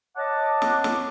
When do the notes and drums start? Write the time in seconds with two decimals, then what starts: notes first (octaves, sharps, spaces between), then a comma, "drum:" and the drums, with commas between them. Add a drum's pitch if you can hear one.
0.17 C#5 D#5 F#5 A5 D6
0.62 drum: snare
0.84 drum: snare